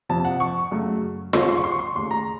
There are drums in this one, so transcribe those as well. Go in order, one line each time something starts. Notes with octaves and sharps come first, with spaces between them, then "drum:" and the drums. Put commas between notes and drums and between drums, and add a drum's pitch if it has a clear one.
F2 C3 F3 A5
F#5
C#6
F#2 C#3 A3
D#2 C#3 F#3 C6, drum: snare F4
C#6
C6
C#6
C6
C#6
C6
D#2 C#3 A3 C6
A#5